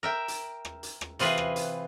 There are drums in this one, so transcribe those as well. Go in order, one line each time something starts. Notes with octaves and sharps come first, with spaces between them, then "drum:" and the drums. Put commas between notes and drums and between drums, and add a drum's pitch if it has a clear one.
A#4 E5 G5
drum: hi-hat
drum: rim click
drum: hi-hat
drum: rim click
C3 E3 F4 G#4 B4, drum: hi-hat
drum: rim click
drum: hi-hat